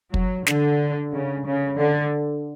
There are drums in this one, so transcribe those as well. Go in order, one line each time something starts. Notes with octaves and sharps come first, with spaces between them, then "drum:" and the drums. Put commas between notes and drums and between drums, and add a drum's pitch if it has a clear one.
F#3, drum: kick
D3, drum: snare
C#3
C#3
D3